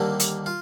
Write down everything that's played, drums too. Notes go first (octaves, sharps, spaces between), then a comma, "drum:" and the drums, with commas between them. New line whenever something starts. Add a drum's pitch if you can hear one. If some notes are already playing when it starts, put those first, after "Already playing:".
Already playing: D#2 D3 G3 A#3 D4
drum: hi-hat
F4